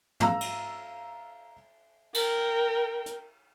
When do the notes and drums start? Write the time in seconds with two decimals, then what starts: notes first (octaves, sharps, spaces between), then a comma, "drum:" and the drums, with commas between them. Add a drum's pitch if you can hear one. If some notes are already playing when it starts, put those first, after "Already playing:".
0.20 F5 A#5 E6, drum: tom
0.41 drum: cymbal
2.14 A#4 G5, drum: cymbal
3.06 drum: hi-hat